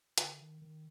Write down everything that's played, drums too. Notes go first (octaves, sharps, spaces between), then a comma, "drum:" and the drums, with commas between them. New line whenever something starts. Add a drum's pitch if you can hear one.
D3, drum: hi-hat
D#3
D#3